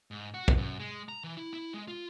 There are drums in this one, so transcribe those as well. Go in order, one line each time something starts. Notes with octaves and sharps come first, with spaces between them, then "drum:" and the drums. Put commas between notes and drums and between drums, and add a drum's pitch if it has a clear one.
G#2
F#4
drum: kick
F#2
G#3
A#5
E3
E4
E4
G#3
F4